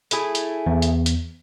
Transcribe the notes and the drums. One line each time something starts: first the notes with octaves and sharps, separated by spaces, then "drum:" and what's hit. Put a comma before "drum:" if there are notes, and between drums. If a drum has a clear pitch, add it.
A3 E4 G#4, drum: hi-hat
drum: hi-hat
E2
drum: hi-hat
drum: hi-hat